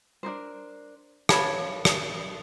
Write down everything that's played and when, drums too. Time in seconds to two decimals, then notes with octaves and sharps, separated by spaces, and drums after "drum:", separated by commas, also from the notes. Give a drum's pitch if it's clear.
0.23 D4 D#4 A#4 C5
1.29 C#5 F5 A5 B5, drum: rim click
1.85 drum: rim click